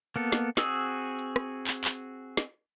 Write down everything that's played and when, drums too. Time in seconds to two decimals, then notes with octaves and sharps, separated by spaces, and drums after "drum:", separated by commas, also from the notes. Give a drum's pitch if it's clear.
0.16 A#3 B3 A4
0.32 drum: snare
0.57 C4 F#4 G#4 D#6 E6, drum: snare
1.19 drum: hi-hat
1.36 drum: rim click
1.67 drum: clap
1.84 drum: clap
2.37 drum: snare